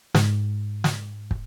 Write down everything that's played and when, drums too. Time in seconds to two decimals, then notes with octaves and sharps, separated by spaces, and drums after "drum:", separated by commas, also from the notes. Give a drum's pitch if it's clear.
0.15 G#2, drum: snare
0.84 drum: snare
1.31 drum: kick